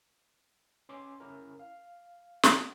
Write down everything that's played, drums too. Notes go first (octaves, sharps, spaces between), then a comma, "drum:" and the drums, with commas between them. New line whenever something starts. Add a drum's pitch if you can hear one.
C#4 C6 D6
C#4 E4 A#4
F5
drum: snare